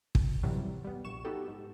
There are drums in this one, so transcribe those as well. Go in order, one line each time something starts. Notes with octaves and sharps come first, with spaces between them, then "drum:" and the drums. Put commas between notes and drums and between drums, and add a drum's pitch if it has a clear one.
C#2, drum: kick
F#2 A2 C3 E3 F#3 G3
G3 B3
A#1 C#6 E7
B3 D#4 F#4 G4 A4
G#2